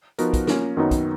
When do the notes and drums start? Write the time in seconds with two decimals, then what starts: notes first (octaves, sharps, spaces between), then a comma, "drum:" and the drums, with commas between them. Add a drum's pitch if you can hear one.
0.18 F3 B3 D#4 F#4 A#4, drum: hi-hat
0.33 drum: kick, hi-hat
0.47 A#3 C#4 F4 A#4, drum: snare
0.77 F#2 D#3 F#3 B3 D#4
0.91 drum: kick, hi-hat